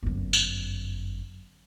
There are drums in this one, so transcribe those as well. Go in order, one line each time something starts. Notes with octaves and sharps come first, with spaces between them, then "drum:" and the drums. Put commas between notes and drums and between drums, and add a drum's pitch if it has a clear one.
G1 F#2
drum: tambourine